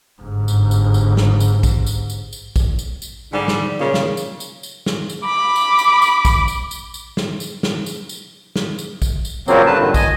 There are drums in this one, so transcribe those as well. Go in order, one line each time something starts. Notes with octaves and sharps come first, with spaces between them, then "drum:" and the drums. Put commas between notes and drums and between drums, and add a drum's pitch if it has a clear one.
G1 G#2
drum: tambourine
drum: tambourine
drum: tambourine
drum: snare
drum: tambourine
drum: kick, tambourine
drum: tambourine
drum: tambourine
drum: tambourine
drum: kick, tambourine
drum: tambourine
drum: tambourine
G#2 D3 G3
drum: snare
A#2 C#3
drum: snare
drum: tambourine
drum: tambourine
drum: tambourine
drum: snare
drum: tambourine
B5 D6
drum: tambourine
drum: tambourine
drum: tambourine
drum: kick, tambourine
drum: tambourine
drum: tambourine
drum: tambourine
drum: snare
drum: tambourine
drum: snare
drum: tambourine
drum: tambourine
drum: snare
drum: tambourine
drum: kick, tambourine
drum: tambourine
A#2 C#3 F#3 A#3 C4, drum: tambourine
G2 D3 B4 A5
G2 A#2 D3 D#3
D#5 G#5, drum: kick, tambourine